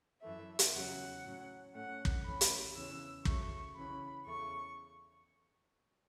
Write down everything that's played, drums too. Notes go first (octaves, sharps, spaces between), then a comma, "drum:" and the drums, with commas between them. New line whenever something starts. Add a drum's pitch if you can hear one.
F#2 E3 A3 E5
drum: hi-hat
E2 C#3 F#3 C#4 F#5
A2 F#3 C#4
A2 A3 C#4 F#5
drum: kick
A2 E3 A3 C#4 B5
drum: hi-hat
E2 C#3 E3 C#4 E6
C#3 F#3 A3 C#6, drum: kick
C#3 E3 C#4 B5
E2 C#3 A3 C#6